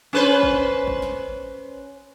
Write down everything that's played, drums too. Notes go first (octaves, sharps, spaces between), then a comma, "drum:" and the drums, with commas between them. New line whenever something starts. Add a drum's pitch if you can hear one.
C#4 B4 C5
drum: kick G#1
drum: kick G#1
drum: snare